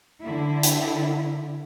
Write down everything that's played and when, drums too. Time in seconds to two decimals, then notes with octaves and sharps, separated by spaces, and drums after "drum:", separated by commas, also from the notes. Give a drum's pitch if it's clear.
0.22 D3 E4
0.63 drum: hi-hat